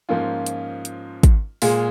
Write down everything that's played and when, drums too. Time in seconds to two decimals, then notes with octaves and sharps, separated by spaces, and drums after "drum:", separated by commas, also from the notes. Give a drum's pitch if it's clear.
0.09 G#2 F3 A#3 C#4 F4
0.46 drum: hi-hat
0.85 drum: hi-hat
1.23 drum: kick, hi-hat
1.62 A#2 G#3 F4 G#4, drum: open hi-hat